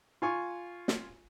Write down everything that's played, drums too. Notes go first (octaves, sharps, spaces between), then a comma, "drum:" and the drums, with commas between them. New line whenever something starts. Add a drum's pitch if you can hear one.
F4 G#5 C#6
drum: snare